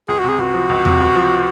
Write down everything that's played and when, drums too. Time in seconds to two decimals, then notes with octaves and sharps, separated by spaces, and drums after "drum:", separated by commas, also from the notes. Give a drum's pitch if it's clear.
0.08 C#2 G#4
0.19 F#4
0.24 C3 G#4
0.39 C#2 F#4
0.54 F3
0.70 C#2
0.85 C3, drum: tom E2
1.00 C#2
1.15 F3